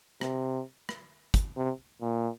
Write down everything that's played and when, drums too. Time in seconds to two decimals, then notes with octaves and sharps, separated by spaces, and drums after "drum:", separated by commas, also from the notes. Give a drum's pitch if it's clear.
0.21 C3, drum: rim click
0.89 drum: rim click
1.34 drum: kick, hi-hat
1.57 C3
2.01 A#2